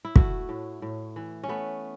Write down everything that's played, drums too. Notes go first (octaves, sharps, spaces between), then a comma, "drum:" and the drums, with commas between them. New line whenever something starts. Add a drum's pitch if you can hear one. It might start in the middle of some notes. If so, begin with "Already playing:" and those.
E4
A3 F#4, drum: kick
A2
A2
E3
C#4
A3 B3